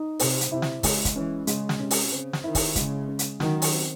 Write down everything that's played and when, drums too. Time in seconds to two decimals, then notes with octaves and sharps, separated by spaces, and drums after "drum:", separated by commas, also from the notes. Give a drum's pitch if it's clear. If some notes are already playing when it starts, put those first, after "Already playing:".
Already playing: D#4
0.19 C3 C4, drum: open hi-hat
0.41 drum: hi-hat
0.52 C3 E4
0.62 drum: snare
0.83 C#3 G#3, drum: kick, open hi-hat
1.05 drum: kick, hi-hat
1.15 E3 C#4
1.47 C#3 G#3, drum: hi-hat
1.69 drum: snare
1.79 C3 C#4
1.91 drum: open hi-hat
2.12 C#3 C4
2.33 drum: snare
2.44 D#3 E4
2.55 drum: kick, open hi-hat
2.75 C#3 G#3, drum: kick, hi-hat
3.08 C#4
3.19 drum: hi-hat
3.40 D#3 F#3, drum: snare
3.62 drum: open hi-hat
3.73 C4